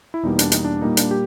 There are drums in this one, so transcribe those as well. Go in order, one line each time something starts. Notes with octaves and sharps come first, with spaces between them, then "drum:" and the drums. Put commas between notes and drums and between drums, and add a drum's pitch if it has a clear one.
E4
E2 B2 G3 A#3 D#4
D4, drum: hi-hat
D#4, drum: hi-hat
D4
A#2 G3 A#3 D#4
D4, drum: hi-hat
G4